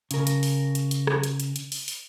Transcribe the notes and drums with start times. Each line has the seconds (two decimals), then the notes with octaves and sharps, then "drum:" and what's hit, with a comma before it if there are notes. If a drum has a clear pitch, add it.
0.11 C#3 A#4, drum: hi-hat
0.27 drum: hi-hat
0.43 drum: open hi-hat
0.75 drum: hi-hat
0.91 drum: hi-hat
1.07 drum: rim click
1.23 drum: hi-hat
1.40 drum: hi-hat
1.56 drum: hi-hat
1.72 drum: open hi-hat
1.88 drum: open hi-hat